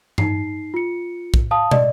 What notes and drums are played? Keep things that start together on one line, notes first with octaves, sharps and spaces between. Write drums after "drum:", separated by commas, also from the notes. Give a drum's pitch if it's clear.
D#4 C7, drum: tom G2
F4 C#7
drum: kick
F5 A5 D#6
D5 D#5, drum: tom